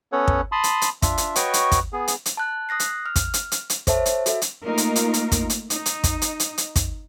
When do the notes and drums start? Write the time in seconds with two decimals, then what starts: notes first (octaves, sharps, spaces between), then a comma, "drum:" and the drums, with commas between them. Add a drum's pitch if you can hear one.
0.12 B3 C#4 A4 C#5 F#5
0.28 drum: kick
0.52 A5 B5 C6 D#6
0.64 drum: hi-hat
0.82 drum: hi-hat
1.02 D4 F4 E5, drum: kick, hi-hat
1.18 drum: hi-hat
1.36 F#4 B4 C#5 D#5 G5 C#6, drum: hi-hat
1.54 drum: hi-hat
1.72 drum: kick, hi-hat
1.93 B3 G#4
2.08 drum: hi-hat
2.26 drum: hi-hat
2.37 A5 F#6
2.69 D#6 F#6 A#6 C7
2.80 drum: hi-hat
3.06 F6
3.16 drum: kick, hi-hat
3.34 drum: hi-hat
3.52 drum: hi-hat
3.70 drum: hi-hat
3.87 A4 C5 C#5 E5 A5, drum: kick, hi-hat
4.06 drum: hi-hat
4.26 F#4 A4 E5, drum: hi-hat
4.42 drum: hi-hat
4.63 A3 A#3 D#4 F4 A#4
4.78 drum: hi-hat
4.96 drum: hi-hat
5.14 drum: hi-hat
5.32 drum: kick, hi-hat
5.50 drum: hi-hat
5.70 D#4, drum: hi-hat
5.86 drum: hi-hat
6.04 drum: kick, hi-hat
6.22 drum: hi-hat
6.40 drum: hi-hat
6.58 drum: hi-hat
6.76 drum: kick, hi-hat